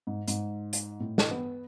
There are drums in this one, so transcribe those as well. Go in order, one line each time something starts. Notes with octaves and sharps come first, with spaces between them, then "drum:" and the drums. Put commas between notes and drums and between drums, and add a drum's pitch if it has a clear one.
G#2
G#2, drum: hi-hat
drum: hi-hat
A2
drum: snare
B3